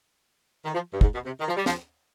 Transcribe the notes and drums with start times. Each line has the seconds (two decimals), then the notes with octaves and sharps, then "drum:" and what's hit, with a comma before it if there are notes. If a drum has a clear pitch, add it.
0.64 D#3
0.73 F3
0.92 G2
1.01 G#2, drum: kick
1.13 B2
1.25 C3
1.39 D#3
1.47 F3
1.56 G3
1.66 F3, drum: snare